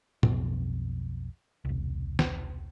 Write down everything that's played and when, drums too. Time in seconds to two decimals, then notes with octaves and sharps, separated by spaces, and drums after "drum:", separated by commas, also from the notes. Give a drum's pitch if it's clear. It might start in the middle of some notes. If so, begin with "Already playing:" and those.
0.23 B1 F2 B2, drum: tom
1.65 E1 C2
2.19 drum: snare